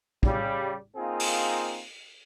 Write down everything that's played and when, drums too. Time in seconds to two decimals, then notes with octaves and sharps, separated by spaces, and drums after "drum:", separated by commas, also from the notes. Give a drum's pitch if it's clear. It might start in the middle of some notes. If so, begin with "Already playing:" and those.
0.23 C#3 G3, drum: kick
0.96 A#3 C4 D#4 F4 G#4
1.20 drum: open hi-hat